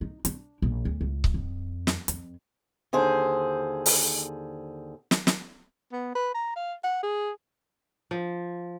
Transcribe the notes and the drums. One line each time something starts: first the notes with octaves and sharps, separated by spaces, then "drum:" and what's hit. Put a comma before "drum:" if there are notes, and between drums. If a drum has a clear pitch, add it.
D#4
D4, drum: hi-hat
A#1
D2
C#2
drum: kick C#1
F2
drum: snare
F2, drum: hi-hat
D#2 D3 G#4 C5
drum: open hi-hat
drum: snare
drum: snare
B3
B4
A#5
F5
F#5
G#4
F3